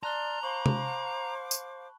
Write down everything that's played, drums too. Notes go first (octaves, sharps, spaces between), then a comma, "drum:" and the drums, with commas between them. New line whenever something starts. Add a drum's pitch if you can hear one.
D5 A5 A#5 C6 F6 F#6 G7
C5 F5 B5 C#6 D6 F#7
drum: tom
drum: tambourine